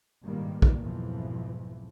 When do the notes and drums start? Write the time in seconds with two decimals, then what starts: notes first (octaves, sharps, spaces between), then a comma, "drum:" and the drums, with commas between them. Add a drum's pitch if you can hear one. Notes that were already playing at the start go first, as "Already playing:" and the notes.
0.22 G#1 G2 A#2 D#3 G3 A#3
0.62 drum: kick A#1
0.81 B1 F2 G#2 E3 F3